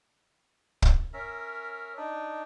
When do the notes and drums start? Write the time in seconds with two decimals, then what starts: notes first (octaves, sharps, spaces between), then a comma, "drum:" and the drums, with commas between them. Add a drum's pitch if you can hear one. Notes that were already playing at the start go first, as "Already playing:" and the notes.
0.82 drum: kick
1.14 C#4 A#4 E5
1.97 D4 D#4